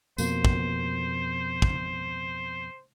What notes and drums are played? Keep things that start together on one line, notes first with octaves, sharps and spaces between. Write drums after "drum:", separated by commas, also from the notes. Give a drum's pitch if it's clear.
F2 B2 A#3 C5, drum: tambourine
drum: kick
drum: kick